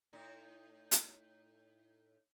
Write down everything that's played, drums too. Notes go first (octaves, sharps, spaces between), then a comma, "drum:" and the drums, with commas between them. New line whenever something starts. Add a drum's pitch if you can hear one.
A2 D#4
drum: hi-hat